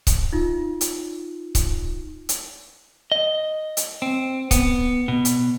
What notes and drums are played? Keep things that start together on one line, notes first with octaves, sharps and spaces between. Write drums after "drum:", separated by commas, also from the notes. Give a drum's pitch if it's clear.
drum: kick C#1, hi-hat
D#4 F4
drum: hi-hat
drum: kick C#1, hi-hat
drum: hi-hat
D#5
drum: hi-hat
C4
B3, drum: kick C#1, hi-hat
B2
drum: hi-hat